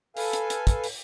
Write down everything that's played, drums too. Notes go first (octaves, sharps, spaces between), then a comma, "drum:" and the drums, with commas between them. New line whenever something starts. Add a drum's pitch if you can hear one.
A4 B4 F5 G#5, drum: open hi-hat
drum: hi-hat
drum: hi-hat
drum: kick, hi-hat
drum: open hi-hat